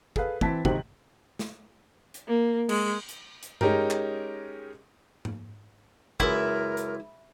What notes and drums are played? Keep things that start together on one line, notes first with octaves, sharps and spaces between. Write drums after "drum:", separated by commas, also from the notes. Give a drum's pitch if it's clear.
G#4 A4 B4 F5, drum: kick
E3 C4 A5 B6, drum: kick
F2 G#2 C3 D#3 G4 F#7, drum: kick
drum: snare
drum: hi-hat
A#3
G#3, drum: cymbal
drum: hi-hat
drum: hi-hat
G#3 C#4 D#4 G4 A#4, drum: tom G2
drum: clap
drum: tom G#2
C#2 F#2 E4 A#4, drum: kick
drum: hi-hat